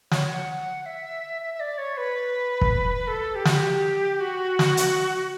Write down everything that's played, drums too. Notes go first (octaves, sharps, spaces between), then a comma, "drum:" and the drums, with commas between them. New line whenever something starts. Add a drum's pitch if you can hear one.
C#5, drum: snare
F#5
E5
E5
E5
D5
C#5
B4
drum: kick
A4
G4
F#4, drum: snare
G4
F#4
drum: snare
drum: hi-hat